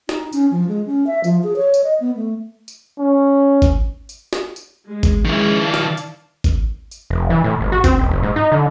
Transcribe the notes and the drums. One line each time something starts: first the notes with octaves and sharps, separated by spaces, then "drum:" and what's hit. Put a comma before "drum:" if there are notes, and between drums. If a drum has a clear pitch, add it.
D#4, drum: snare
C#4, drum: tambourine
F3
G#3
C#4
E5
F3, drum: tambourine
G#4
C#5
drum: tambourine
D#5
B3
A3
drum: tambourine
C#4
drum: kick, tambourine
drum: tambourine
drum: snare
drum: tambourine
G#3
drum: kick, tambourine
D#3 G#3 C#4 E4
D5 F5 A5
drum: snare
drum: tambourine
drum: kick, tambourine
drum: tambourine
F1
E3
A2
G#1
F#4
C4, drum: kick, tambourine
D#1
F#1
G#2
D#4
D3